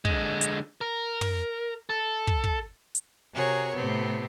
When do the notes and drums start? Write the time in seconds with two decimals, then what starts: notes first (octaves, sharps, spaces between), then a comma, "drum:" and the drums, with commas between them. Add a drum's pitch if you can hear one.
0.05 D3 G#3, drum: kick
0.41 drum: hi-hat
0.81 A#4
1.21 drum: tom
1.89 A4
2.27 drum: kick
2.44 drum: kick
2.95 drum: hi-hat
3.33 C3 F#4 G#4 A#4 C#5
3.74 A2 C3 B3 C4